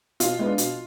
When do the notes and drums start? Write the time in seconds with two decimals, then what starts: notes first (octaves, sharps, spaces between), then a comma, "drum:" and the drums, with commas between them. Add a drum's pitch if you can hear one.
0.20 B2 F4, drum: hi-hat
0.39 G#3 B3 D4
0.58 B2, drum: hi-hat